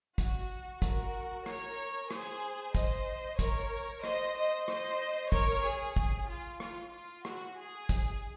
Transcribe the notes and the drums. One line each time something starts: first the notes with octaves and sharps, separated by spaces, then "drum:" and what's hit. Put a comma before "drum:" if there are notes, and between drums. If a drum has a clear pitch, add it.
F#4, drum: kick, hi-hat
F#4 A#4, drum: kick, hi-hat
A#4 C#5, drum: rim click
G#4 C5, drum: rim click
C5 D#5, drum: kick, hi-hat
A#4 C#5, drum: kick, hi-hat
C5 D#5, drum: rim click
C5 D#5
C5 D#5, drum: rim click
A#4 C#5, drum: kick
G#4
drum: kick
F4
F4, drum: rim click
F4
F#4, drum: rim click
G#4
drum: kick, hi-hat